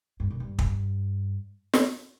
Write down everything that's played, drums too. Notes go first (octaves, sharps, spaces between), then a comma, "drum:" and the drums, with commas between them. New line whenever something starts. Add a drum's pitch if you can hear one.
G2
A#2
G2
drum: kick
drum: snare